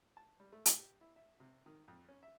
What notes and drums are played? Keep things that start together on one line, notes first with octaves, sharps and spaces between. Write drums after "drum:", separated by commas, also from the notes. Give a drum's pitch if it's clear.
A5
G3
A3
A2, drum: hi-hat
G4
E4
E5
C3
D#3
F2
C#4
E5